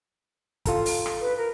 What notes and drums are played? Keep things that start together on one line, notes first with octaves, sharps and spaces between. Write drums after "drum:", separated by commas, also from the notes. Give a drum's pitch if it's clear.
F4 A4 A#5, drum: kick, hi-hat
drum: open hi-hat
drum: rim click
B4
A#4